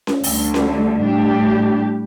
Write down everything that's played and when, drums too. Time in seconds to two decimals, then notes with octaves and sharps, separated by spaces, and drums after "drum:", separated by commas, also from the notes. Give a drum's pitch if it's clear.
0.07 drum: snare C#4
0.24 D2 D3 G3, drum: open hi-hat
0.54 drum: snare C#4
1.02 A2 G3 D4 G4